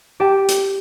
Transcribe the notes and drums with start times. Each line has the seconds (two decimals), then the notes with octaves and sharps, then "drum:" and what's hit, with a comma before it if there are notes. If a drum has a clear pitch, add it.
0.20 G4 G5 A5
0.48 drum: hi-hat